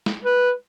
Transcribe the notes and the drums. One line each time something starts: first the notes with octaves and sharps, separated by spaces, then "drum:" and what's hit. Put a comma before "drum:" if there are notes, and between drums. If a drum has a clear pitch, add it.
drum: snare
B4